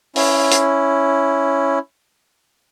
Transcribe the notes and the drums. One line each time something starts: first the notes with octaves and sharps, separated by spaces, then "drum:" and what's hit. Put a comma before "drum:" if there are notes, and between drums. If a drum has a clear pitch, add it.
C#4 E4, drum: open hi-hat
drum: hi-hat